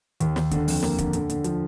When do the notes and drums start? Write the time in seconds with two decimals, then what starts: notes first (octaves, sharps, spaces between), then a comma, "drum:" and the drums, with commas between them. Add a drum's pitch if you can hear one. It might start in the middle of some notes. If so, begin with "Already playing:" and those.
0.20 D#2, drum: hi-hat
0.36 D#2, drum: snare
0.51 D3, drum: kick, hi-hat
0.68 F2, drum: open hi-hat
0.83 A#3, drum: snare
0.98 D3, drum: kick, hi-hat
1.13 D3, drum: hi-hat
1.30 D3, drum: hi-hat
1.44 F3, drum: hi-hat